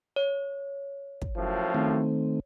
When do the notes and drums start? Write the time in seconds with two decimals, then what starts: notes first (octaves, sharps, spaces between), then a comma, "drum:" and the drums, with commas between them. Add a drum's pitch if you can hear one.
0.16 C#5
1.22 drum: kick
1.37 F#2 A2 F3
1.75 D#3 A3 C4